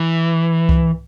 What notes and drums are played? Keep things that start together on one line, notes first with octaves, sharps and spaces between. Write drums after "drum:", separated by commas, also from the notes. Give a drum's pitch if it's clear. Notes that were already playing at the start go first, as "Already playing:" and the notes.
Already playing: E3
drum: kick C2